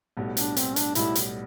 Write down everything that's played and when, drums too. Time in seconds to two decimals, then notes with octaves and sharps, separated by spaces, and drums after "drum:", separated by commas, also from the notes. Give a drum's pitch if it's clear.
0.17 B1 A2 G3 B3
0.37 D4, drum: hi-hat
0.57 C4, drum: hi-hat
0.76 D4, drum: hi-hat
0.95 B1 A2 G3 B3 E4, drum: hi-hat
1.15 drum: hi-hat